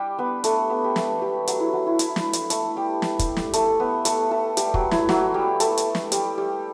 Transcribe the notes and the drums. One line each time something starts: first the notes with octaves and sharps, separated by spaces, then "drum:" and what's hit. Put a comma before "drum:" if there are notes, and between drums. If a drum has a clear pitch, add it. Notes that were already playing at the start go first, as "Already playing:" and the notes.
Already playing: G3 D4 G4
B3 B4
A3 A4, drum: hi-hat
B3 B4
G4
A3 A4, drum: snare
G3 G4
F#3 F#4, drum: hi-hat
E4
F#3 F#4
E4
E4, drum: hi-hat
drum: snare
drum: hi-hat
A3 A4, drum: hi-hat
G3 G4
drum: snare
drum: kick, hi-hat
drum: snare
A3 A4, drum: hi-hat
B3 B4
A3 A4, drum: hi-hat
A3 A4
G3 G4, drum: hi-hat
F#3 F#4, drum: kick
E4, drum: snare
F#3 F#4, drum: snare
G3 G4
A3 A4, drum: hi-hat
drum: hi-hat
drum: snare
G3 G4, drum: hi-hat
G3 G4